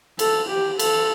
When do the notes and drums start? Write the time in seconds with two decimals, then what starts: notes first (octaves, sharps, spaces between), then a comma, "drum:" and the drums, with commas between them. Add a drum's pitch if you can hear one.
0.19 A4, drum: cymbal
0.49 G4
0.79 A4, drum: cymbal